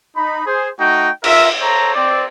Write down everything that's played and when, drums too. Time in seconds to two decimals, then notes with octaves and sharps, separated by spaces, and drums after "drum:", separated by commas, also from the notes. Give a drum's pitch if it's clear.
0.16 D#4 B5
0.47 G#4 C5
0.78 A3 D#4 F#4 G5
1.24 F4 A#4 E5, drum: cymbal
1.60 A4 C5 C#5 A#5
1.95 C4 D5